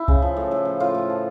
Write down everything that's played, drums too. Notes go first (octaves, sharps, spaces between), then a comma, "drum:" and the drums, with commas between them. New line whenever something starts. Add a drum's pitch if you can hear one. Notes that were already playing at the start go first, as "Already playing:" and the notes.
Already playing: D#4 E4
C#3, drum: kick C2
F3
A2
A2
F3
A2 F4
A2
F3